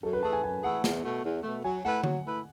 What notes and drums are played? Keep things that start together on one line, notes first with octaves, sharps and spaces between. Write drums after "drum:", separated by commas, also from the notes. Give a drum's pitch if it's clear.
F#2 A4
B4
E3 A3 E4 G#4 A5
G#5
F#2 G#5
E3 A3 E4 G#4 F#5
E2, drum: snare
B2 A3
E2
B2 A3
F#3 G#5
A3 E4 B4 F#5
F#3, drum: tom D3
A3 E4 B4